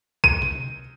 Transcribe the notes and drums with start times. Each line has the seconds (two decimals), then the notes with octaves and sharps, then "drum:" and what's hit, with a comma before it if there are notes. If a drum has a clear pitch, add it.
0.24 D#7, drum: kick B1
0.42 drum: tom C3